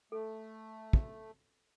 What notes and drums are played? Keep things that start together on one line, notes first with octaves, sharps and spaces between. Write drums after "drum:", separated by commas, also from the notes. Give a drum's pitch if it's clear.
A3 A4
drum: kick